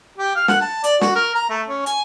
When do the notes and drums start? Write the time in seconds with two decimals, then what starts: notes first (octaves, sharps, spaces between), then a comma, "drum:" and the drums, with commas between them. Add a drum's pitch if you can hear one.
0.18 G4
0.35 F5
0.48 F#5, drum: snare
0.61 A5
0.84 D5, drum: hi-hat
1.01 F#4, drum: snare
1.15 A#4
1.35 A#5
1.49 A3
1.68 C#4
1.86 G#5, drum: hi-hat